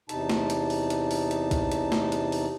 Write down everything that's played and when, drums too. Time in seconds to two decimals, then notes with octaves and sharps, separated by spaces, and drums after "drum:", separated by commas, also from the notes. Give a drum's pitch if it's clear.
0.09 E2 C3 D#4 A5, drum: hi-hat
0.30 drum: snare
0.50 drum: hi-hat
0.70 drum: open hi-hat
0.90 drum: hi-hat
1.11 drum: open hi-hat
1.31 drum: hi-hat
1.51 drum: kick, hi-hat
1.72 drum: hi-hat
1.92 drum: snare
2.12 drum: hi-hat
2.32 drum: open hi-hat